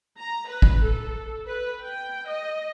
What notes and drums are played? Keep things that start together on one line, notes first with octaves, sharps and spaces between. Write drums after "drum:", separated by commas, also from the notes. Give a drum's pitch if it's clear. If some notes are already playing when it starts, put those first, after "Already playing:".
A#5
B4
drum: kick A1
A4
B4
G5
D#5